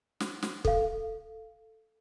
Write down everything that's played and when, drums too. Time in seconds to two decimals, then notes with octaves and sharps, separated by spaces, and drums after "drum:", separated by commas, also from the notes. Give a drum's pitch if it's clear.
0.20 drum: snare
0.43 drum: snare
0.65 A4 F5, drum: kick